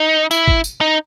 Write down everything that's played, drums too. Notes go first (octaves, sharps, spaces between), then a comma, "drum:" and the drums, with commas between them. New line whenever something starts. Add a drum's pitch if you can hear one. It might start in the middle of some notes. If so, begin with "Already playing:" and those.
Already playing: D#4
E4, drum: tambourine
drum: kick G#1
drum: tambourine
D#4